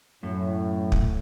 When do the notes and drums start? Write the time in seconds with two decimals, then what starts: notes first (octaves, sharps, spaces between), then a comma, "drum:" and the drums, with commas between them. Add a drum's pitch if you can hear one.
0.23 F#2 A2
0.92 drum: kick